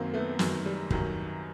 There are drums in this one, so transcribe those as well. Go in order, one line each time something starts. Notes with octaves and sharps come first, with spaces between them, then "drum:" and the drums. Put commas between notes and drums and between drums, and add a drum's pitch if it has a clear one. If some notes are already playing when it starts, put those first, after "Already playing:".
Already playing: F#2 D#3 F#3 A#3 C4
A3 B3
F#2 D#3 F#3, drum: snare
G3
F#2 D#3 F#3, drum: kick